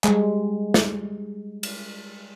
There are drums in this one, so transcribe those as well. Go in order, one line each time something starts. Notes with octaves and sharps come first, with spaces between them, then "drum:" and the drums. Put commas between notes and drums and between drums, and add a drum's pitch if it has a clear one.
G3 G#3, drum: clap
drum: snare
drum: cymbal